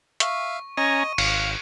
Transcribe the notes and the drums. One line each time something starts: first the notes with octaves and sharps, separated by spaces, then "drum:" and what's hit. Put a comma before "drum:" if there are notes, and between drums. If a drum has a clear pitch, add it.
E5 F5 C#6, drum: hi-hat
C#4 D#5 G#5 A#5 D#7
G#1 F5, drum: cymbal